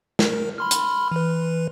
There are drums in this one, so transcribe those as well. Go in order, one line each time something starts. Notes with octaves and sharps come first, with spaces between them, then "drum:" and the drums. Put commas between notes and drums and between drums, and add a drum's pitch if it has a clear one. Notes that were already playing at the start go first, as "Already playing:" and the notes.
A#4, drum: snare
B5 C6 F6
drum: hi-hat
E3 B4